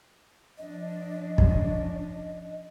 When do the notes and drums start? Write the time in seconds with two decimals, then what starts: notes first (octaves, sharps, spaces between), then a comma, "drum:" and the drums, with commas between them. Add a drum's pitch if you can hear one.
0.58 F3 D4 D#5
1.38 drum: kick